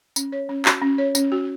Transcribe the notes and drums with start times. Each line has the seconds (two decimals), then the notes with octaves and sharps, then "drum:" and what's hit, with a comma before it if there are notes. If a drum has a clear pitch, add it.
0.16 C#4, drum: tambourine
0.32 C#5
0.49 C#4
0.65 F#4, drum: clap
0.82 C#4
0.98 C#5
1.15 C#4, drum: tambourine
1.32 F#4